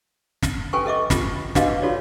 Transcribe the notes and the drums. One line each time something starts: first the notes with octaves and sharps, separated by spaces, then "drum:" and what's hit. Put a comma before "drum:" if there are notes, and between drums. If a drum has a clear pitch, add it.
drum: snare
C#4 A4 B4 G5 G#5 C#6
A4 D#5 E5 D6
F4 B5, drum: snare
D4 F#4 B4 D#5 F5 D6, drum: snare
F4 F#4 A4 C#5 D5